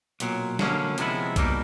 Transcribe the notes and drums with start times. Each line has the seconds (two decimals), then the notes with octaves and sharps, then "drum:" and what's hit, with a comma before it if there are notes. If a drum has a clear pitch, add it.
0.20 B1 A#2 F#3, drum: hi-hat
0.59 D3 F#3 A#3 C#4, drum: snare
0.98 C3 F3 G#3 B3 E4, drum: hi-hat
1.36 C#2 B2 G3 A#3 D#4, drum: kick B1, hi-hat